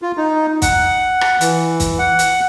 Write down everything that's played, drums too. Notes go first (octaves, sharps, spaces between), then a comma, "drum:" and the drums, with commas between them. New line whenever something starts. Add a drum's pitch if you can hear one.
F4
D#4
F#5, drum: kick, hi-hat
drum: rim click
E3, drum: hi-hat
drum: kick, hi-hat
F#5
drum: hi-hat